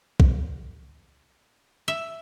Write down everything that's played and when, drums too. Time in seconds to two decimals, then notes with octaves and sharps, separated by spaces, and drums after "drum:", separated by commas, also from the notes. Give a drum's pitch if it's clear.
0.20 drum: kick
1.88 E5